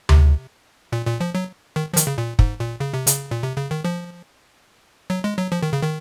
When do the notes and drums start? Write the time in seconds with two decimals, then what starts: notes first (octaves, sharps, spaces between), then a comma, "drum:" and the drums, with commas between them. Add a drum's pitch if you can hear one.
0.09 C3, drum: tom D2
0.92 A#2
1.07 A#2
1.21 F3
1.35 F#3
1.76 D#3
1.93 F3
1.97 D#3, drum: hi-hat
2.07 C#3
2.18 A#2
2.39 G#2, drum: kick
2.60 A#2
2.80 C#3
2.93 C3
3.07 C#3, drum: hi-hat
3.31 A#2
3.43 C3
3.57 C#3
3.71 D#3
3.85 F3
5.10 F#3
5.24 G#3
5.38 F#3
5.52 F3
5.63 D#3
5.73 C#3
5.83 D#3